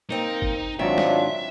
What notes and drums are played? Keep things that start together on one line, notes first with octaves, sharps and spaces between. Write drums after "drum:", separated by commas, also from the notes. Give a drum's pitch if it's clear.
A#3 C4 D#4
drum: kick G1
G#2 D#3 F#3 C4 D4 F4 E5
drum: snare